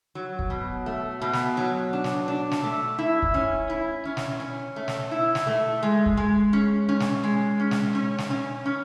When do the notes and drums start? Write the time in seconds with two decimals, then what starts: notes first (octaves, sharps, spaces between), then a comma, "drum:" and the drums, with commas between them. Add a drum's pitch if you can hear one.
0.15 F#3
0.39 drum: kick
0.50 B2
0.86 A3
1.22 B2
1.33 drum: snare
1.57 F#3
1.93 D4
2.04 drum: snare
2.28 D4
2.51 drum: snare
2.64 A3
2.98 E4
3.22 drum: kick
3.34 C#4
3.70 E4
4.05 C#4
4.17 drum: snare
4.40 C#4
4.76 A3
4.88 drum: snare
5.11 E4
5.35 drum: snare
5.47 A3
5.83 G#3
6.06 drum: kick
6.17 G#3
6.53 C#4
6.89 C#4
7.00 drum: snare
7.23 G#3
7.60 C#4
7.71 drum: snare
7.95 C#4
8.18 drum: snare
8.30 C#4
8.66 C#4